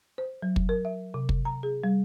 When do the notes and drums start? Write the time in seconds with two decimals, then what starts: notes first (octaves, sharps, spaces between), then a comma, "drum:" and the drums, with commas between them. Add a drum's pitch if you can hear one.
0.18 C5
0.42 F#3
0.56 drum: kick
0.69 A#4
0.85 E5
1.14 C3
1.29 drum: kick
1.45 A#5
1.63 G#4
1.84 G3